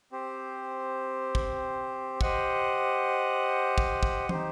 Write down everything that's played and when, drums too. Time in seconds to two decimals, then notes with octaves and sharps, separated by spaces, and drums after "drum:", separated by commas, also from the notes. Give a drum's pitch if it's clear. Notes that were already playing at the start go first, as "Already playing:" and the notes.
0.12 C4 G4 C5
1.35 drum: kick
2.21 G4 C5 D#5 F#5, drum: kick
3.78 drum: kick
4.03 drum: kick
4.29 D#4 G4 C5, drum: tom